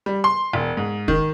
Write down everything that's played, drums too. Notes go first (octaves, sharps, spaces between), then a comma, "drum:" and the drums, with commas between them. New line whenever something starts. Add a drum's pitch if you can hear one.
G3
C6
E1
G#2
D#3, drum: kick